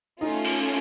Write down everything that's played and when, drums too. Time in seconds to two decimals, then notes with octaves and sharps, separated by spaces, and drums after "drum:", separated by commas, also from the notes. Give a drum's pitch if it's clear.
0.21 A3 C#4 D#4 F4
0.44 drum: open hi-hat